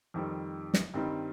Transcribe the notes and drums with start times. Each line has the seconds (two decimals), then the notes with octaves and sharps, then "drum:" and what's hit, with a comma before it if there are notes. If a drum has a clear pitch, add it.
0.14 F2 D#3 G3 C4
0.74 drum: snare
0.94 G2 D#3 G3 C4 D#4